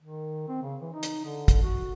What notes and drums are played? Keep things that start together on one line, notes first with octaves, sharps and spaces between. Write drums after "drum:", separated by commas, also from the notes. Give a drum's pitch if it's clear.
D#3
C4
C#3
E3
D#4
drum: hi-hat
D3
drum: kick, hi-hat
F#4